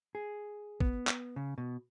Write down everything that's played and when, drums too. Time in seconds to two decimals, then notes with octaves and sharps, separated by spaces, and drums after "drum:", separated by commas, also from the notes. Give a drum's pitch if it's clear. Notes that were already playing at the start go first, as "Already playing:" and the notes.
0.15 G#4
0.80 B3, drum: kick
1.07 drum: clap
1.36 C#3
1.58 B2